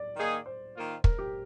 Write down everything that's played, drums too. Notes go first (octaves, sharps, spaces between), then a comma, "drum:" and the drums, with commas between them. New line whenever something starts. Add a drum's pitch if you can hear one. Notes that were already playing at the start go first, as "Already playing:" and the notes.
Already playing: D5
D#3 A#3 D#4 G#4
C5
D#3 A#3 F4
A#4, drum: kick
G4